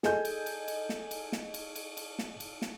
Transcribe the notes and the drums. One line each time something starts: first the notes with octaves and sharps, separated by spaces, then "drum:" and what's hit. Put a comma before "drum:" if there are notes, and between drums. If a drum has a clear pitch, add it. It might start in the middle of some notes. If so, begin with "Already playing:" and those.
G#4 A4 D#5 G#5 G6, drum: snare
drum: cymbal
drum: cymbal
drum: cymbal
drum: snare
drum: cymbal
drum: snare
drum: cymbal
drum: cymbal
drum: cymbal
drum: snare
drum: cymbal
drum: snare